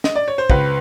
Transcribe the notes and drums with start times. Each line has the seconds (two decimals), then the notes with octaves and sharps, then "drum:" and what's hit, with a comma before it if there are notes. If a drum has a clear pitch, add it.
0.04 D#5, drum: snare
0.15 D5
0.28 C#5
0.38 C5
0.50 C#2 B4, drum: kick